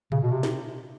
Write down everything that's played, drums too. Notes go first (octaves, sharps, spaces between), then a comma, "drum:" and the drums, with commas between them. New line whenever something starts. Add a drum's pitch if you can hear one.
C#3, drum: tom A2
B2
C3
drum: snare